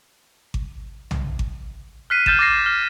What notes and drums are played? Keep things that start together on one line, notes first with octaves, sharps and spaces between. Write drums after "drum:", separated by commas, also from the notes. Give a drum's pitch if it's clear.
drum: kick G#1
drum: tom B1
drum: kick G#1
F6 F#6 B6 C7 D#7
F6 G6 A6 E7, drum: kick G#1
D6 A6 A#6 C7
F6